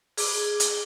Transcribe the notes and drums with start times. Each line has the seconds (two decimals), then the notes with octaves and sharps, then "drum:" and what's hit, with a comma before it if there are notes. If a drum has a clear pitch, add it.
0.17 G#4 D6, drum: open hi-hat
0.60 drum: hi-hat